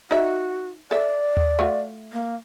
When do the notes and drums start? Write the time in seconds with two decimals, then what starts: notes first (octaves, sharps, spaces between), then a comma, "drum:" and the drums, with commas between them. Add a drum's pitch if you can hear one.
0.11 D#4 F#4 D5 E5
0.91 A4 D5 E5
1.37 drum: tom D#2
1.59 A3 F4 F#4
2.13 A#3